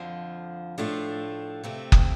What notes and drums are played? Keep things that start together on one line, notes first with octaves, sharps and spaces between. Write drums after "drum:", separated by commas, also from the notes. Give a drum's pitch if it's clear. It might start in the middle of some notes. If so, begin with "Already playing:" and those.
Already playing: F2 D3 F3
A2 F3 A3 D4 F4
C3 A3 C4
drum: kick F#1